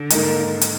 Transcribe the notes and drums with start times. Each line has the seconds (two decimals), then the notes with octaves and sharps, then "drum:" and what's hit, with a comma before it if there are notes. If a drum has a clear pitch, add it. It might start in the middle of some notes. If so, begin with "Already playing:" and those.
Already playing: D3
0.10 G#2 D#3 A#3 D#4 A#4, drum: hi-hat
0.61 drum: hi-hat